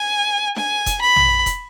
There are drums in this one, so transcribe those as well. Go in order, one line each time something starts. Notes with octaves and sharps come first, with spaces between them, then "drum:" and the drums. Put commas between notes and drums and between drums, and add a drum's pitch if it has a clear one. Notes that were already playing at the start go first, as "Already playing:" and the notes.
Already playing: G#5
G#5, drum: snare D4
drum: kick F1, hi-hat
B5
drum: tom A#1
drum: kick F1, hi-hat